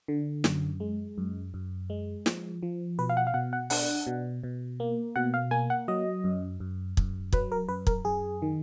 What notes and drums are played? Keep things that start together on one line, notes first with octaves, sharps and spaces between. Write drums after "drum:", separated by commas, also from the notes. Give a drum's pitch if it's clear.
D3
F#2, drum: snare
G#3
F#2
F#2
G#3
F3, drum: snare
F3
B2 B4
F5
F#5
F5
B2 F#5
F#5
D4 F#5, drum: open hi-hat
B2
B2
A#3
B2 F#5
F5
A#3 G#5
F#5
F#3 D#5
F#2
F#2
F#2, drum: kick
F#3 B4, drum: kick
A#4
F#2 B4
A#4, drum: kick
F#2 G#4
D#3